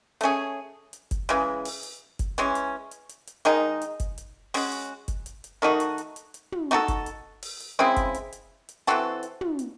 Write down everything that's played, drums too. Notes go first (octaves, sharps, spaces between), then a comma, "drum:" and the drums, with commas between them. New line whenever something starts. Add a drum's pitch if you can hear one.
A3 C#4 G#4, drum: hi-hat
drum: hi-hat
drum: kick F#1, hi-hat
C#3 E3 G#3, drum: hi-hat
drum: open hi-hat
drum: hi-hat
drum: kick F#1, hi-hat
E3 G#3 C#4, drum: hi-hat
drum: hi-hat
drum: hi-hat
drum: hi-hat
drum: hi-hat
D#3 G#3 D#4, drum: hi-hat
drum: hi-hat
drum: kick F#1, hi-hat
drum: hi-hat
G#3 C#4 F#4, drum: open hi-hat
drum: hi-hat
drum: kick F#1, hi-hat
drum: hi-hat
drum: hi-hat
D#3 A3 D#4 F#4
drum: hi-hat
drum: hi-hat
drum: hi-hat
drum: hi-hat
drum: tom
A3 D#4 F#4 A4, drum: hi-hat
drum: kick F#1, hi-hat
drum: hi-hat
drum: open hi-hat
drum: hi-hat
C#3 G#3 C4 E4
drum: kick F#1, hi-hat
drum: hi-hat
drum: hi-hat
drum: hi-hat
E3 C4 F#4 A4, drum: hi-hat
drum: hi-hat
drum: tom
drum: hi-hat